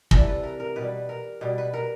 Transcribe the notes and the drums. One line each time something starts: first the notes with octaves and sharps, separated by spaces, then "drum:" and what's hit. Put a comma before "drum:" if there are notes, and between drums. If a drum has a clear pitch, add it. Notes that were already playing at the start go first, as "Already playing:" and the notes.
C3 E3 G3 A4, drum: kick
B4
A#4
A#4
B2 G3 B4
A#4
B2 G3
B4
A#4